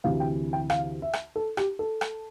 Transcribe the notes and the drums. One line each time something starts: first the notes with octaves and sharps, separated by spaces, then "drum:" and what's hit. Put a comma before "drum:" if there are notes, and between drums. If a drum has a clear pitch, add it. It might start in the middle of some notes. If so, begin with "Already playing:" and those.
D2 C3 E3 F5
G5
G5
F5, drum: rim click
E5
drum: rim click
A4
G4, drum: rim click
A4
drum: rim click